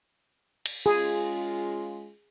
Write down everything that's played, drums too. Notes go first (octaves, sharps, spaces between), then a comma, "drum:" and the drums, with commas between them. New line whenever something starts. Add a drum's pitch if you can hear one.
drum: cymbal
G#3 C#4 F4 G#4